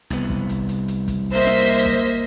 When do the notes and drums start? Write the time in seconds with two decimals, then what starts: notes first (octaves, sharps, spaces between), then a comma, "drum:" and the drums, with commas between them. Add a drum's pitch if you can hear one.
0.10 C2 B3, drum: hi-hat
0.30 drum: kick
0.49 drum: hi-hat
0.69 drum: hi-hat
0.88 drum: hi-hat
1.08 drum: kick, hi-hat
1.32 A#3 C5 D#5 E5 B6
1.47 drum: snare
1.66 drum: hi-hat
1.86 drum: kick, hi-hat
2.05 drum: hi-hat